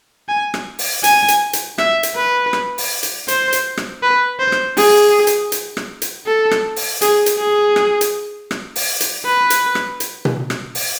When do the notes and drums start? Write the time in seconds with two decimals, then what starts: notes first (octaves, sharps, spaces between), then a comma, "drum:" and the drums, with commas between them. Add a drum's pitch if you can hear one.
0.29 G#5
0.54 drum: rim click
0.79 drum: open hi-hat
1.04 G#5, drum: hi-hat
1.28 drum: hi-hat
1.53 drum: hi-hat
1.78 E5, drum: rim click
2.03 drum: hi-hat
2.15 B4
2.53 drum: rim click
2.78 drum: open hi-hat
3.03 drum: hi-hat
3.28 C5, drum: hi-hat
3.53 drum: hi-hat
3.77 drum: rim click
4.03 B4
4.40 C5
4.52 drum: rim click
4.77 G#4, drum: open hi-hat
5.27 drum: hi-hat
5.52 drum: hi-hat
5.77 drum: rim click
6.02 drum: hi-hat
6.26 A4
6.51 drum: rim click
6.76 drum: open hi-hat
7.01 G#4, drum: hi-hat
7.26 drum: hi-hat
7.38 G#4
7.76 drum: rim click
8.01 drum: hi-hat
8.51 drum: rim click
8.76 drum: open hi-hat
9.00 drum: hi-hat
9.25 B4
9.50 drum: hi-hat
9.75 drum: rim click
10.00 drum: hi-hat
10.25 drum: tom B2
10.50 drum: rim click
10.75 drum: open hi-hat